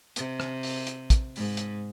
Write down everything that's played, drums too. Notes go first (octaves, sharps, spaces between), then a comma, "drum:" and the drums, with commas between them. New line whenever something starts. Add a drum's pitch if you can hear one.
C3, drum: hi-hat
drum: rim click
drum: open hi-hat
drum: hi-hat
drum: kick, hi-hat
G#2, drum: open hi-hat
drum: hi-hat